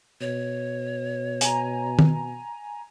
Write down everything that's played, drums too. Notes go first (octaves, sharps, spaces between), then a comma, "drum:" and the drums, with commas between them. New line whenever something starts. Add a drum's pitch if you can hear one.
B2 C#5
G#5 A#5, drum: hi-hat
drum: tom